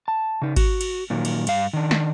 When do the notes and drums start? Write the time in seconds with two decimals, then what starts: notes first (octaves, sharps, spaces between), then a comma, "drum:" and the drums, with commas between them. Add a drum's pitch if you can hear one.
0.08 A5
0.42 C#3 D#4
0.56 F#4, drum: kick G#1, cymbal
0.81 drum: cymbal
1.10 A#2 D#3 F#3
1.25 drum: cymbal
1.47 G2 F5, drum: cymbal
1.73 D#3 D4
1.91 drum: snare